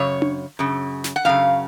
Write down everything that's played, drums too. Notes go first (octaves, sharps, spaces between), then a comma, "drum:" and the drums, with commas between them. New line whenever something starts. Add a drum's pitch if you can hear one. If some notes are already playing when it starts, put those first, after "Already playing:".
Already playing: F#2 C#3 C#5
drum: tom D4
F#2 C#3
drum: snare
F#5
F#2 C#3 F5